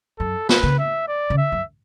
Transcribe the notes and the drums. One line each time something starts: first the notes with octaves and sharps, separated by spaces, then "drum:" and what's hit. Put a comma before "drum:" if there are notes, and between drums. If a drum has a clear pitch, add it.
F#2 A4
B4, drum: snare
C#3
E5
D5
C#3
E5
F#2